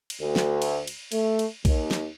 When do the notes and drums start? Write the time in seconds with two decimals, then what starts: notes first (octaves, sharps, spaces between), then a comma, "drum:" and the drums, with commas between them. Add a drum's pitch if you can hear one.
0.10 drum: cymbal
0.21 D2
0.36 drum: snare
0.62 drum: cymbal
0.87 drum: cymbal
1.12 A3, drum: cymbal
1.39 drum: cymbal
1.65 D#2, drum: kick, cymbal
1.91 drum: snare